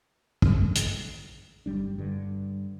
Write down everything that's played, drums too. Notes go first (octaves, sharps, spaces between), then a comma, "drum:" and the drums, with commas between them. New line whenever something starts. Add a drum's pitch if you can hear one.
drum: kick
drum: hi-hat
G1 F#2 G3 D4
G2 D3